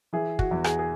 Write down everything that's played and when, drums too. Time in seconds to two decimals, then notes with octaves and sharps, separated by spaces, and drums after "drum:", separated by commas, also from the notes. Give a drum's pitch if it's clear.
0.13 E3 G#4
0.39 F#4, drum: kick
0.51 E2
0.64 G#4, drum: rim click
0.79 G#4